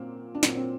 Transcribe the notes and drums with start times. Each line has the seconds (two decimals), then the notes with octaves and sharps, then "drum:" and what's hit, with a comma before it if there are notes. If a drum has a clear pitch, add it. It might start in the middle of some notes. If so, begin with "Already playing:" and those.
Already playing: A#2 F#3 A#3 C4
0.35 D4
0.43 A#2 F#3 C4, drum: snare
0.55 C4